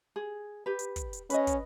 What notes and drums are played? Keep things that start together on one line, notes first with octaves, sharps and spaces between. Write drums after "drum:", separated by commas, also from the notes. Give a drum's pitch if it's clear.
G#4
G4 B4
drum: hi-hat
drum: kick, hi-hat
drum: hi-hat
C#4 B4 D#5, drum: hi-hat
drum: kick, hi-hat